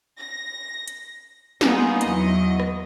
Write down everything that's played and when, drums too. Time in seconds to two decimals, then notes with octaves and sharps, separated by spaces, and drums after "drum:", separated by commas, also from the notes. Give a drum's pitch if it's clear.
0.20 A#6
0.88 drum: hi-hat
1.61 G3 A#3 B3 D#4 F4 G#4, drum: snare
2.01 E2 F#3 D#5, drum: hi-hat
2.60 drum: rim click